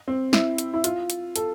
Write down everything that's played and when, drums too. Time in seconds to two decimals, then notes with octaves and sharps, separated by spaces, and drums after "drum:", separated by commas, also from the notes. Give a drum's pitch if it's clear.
0.08 C4
0.33 E4, drum: snare
0.58 drum: hi-hat
0.74 E4
0.84 F4, drum: hi-hat
1.10 drum: hi-hat
1.36 A4, drum: hi-hat